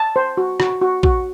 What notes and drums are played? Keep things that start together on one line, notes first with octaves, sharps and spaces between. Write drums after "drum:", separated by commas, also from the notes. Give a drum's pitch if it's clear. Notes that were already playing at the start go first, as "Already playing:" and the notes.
Already playing: A5
C5
F#4
F#4, drum: rim click
F#4
F#4, drum: kick A#1